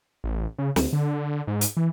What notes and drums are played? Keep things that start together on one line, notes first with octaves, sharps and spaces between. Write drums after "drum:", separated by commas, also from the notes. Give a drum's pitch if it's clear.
A1
C#3
D2, drum: snare
D3
G#2
drum: hi-hat
E3